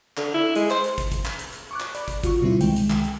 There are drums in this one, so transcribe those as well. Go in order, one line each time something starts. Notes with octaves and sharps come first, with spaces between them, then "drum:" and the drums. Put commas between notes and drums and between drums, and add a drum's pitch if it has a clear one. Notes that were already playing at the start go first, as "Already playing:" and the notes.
D3, drum: clap
E4
G#3, drum: hi-hat
C5, drum: clap
drum: hi-hat
drum: kick, hi-hat
drum: kick, hi-hat
drum: clap
drum: hi-hat
drum: hi-hat
C#6 D6 F#6
drum: clap
D5 B5 D6, drum: hi-hat
drum: kick, hi-hat
D#2 F4 F#4 C#6, drum: kick, hi-hat
B2 D3 G3 C4 E4 F4
C2 D#3 G#3 G5, drum: hi-hat
drum: hi-hat
drum: clap
drum: hi-hat